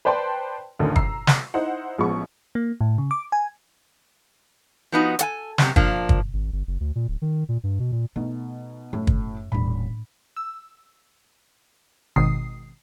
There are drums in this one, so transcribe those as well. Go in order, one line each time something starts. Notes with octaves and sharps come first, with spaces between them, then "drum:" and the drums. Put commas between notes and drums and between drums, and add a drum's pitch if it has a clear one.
B4 C5 D5 G5 A5 C6
A1 D2 D3 D#3
A#5 E6 C7, drum: kick
drum: snare
D#4 E4 C5 F#5
A1 F3 G#3 B3 C#6
A#3
A2
C#3
D6
G#5
F3 B3 D#4 F#4
A4 F#5 G#5, drum: hi-hat
F#2 C3, drum: snare
F3 A#3 D4, drum: kick
drum: kick
G#1
G1
F#1
D2
A#2
D1
D#3
A#2
G2
B2
A#2
B2 A3 D#4
F#2 A2
drum: kick
D#1 A2 G3 D4 B5
E6
G#1 B2 D#3 D#6 C7